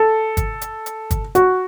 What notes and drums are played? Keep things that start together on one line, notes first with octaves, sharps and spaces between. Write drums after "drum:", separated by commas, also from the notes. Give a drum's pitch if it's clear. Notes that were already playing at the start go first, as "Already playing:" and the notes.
Already playing: A4
drum: kick, hi-hat
drum: hi-hat
drum: hi-hat
drum: kick, hi-hat
F#4, drum: hi-hat